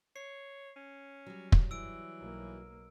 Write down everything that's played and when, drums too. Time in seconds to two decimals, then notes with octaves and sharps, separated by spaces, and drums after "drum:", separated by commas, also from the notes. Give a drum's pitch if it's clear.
0.16 C#5 C7
0.76 C#4
1.26 F#3 G3
1.52 drum: kick
1.71 E3 E6 D7
2.19 B1 A#3